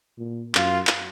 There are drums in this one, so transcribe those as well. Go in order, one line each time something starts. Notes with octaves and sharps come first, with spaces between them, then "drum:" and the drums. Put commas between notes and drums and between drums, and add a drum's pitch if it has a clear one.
A#2
F#2 F4, drum: clap
drum: clap